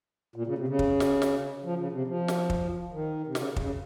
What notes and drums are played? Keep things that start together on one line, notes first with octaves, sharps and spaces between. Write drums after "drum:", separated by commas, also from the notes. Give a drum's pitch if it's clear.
A#2
C#3
C3
C#3
drum: kick
drum: snare
drum: snare
F3
C#3
C3
F3
drum: snare
drum: kick
D#3
C3
C#3, drum: snare
C3
C#3, drum: kick